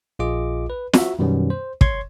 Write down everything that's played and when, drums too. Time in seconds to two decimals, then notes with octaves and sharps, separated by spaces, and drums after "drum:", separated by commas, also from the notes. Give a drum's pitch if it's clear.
0.19 A#1 F4 G#4 D#5 D6
0.70 B4
0.93 F#4 E5, drum: snare
1.19 F#2 B2 D#3 G3 B3 C#4
1.50 C5
1.81 C#5 C6 C#6 G#6, drum: kick